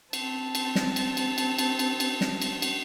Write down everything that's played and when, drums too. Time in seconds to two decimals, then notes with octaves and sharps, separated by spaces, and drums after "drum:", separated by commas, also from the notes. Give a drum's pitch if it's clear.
0.13 C4 A5, drum: cymbal
0.55 drum: cymbal
0.75 drum: snare
0.96 drum: cymbal
1.17 drum: cymbal
1.38 drum: cymbal
1.58 drum: cymbal
1.79 drum: cymbal
2.00 drum: cymbal
2.21 drum: snare
2.42 drum: cymbal
2.62 drum: cymbal